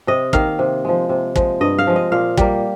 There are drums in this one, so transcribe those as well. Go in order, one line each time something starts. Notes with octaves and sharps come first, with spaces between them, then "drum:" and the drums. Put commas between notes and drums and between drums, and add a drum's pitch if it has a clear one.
C3 D#5
D#3 A#3 F5, drum: kick
C3
F3 G#3
C3
F3 G#3, drum: kick
G2 D#5
F5
F3 G#3
D#5
A#2 F5
G3 A#3, drum: kick